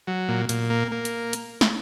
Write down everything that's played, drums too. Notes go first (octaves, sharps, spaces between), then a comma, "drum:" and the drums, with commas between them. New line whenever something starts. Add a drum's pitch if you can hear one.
F#3
A#2
A#2, drum: hi-hat
A#3
A#3
drum: hi-hat
drum: hi-hat
drum: snare